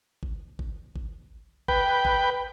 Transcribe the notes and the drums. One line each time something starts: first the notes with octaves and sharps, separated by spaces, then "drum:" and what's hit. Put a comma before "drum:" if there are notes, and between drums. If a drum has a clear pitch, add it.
drum: kick G#1
drum: kick G#1
drum: kick G#1
B4 G5, drum: kick G#1
drum: kick G#1